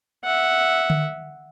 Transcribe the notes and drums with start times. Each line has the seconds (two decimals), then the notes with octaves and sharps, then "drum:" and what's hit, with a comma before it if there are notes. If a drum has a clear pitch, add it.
0.25 E5 F#5
0.90 drum: tom D3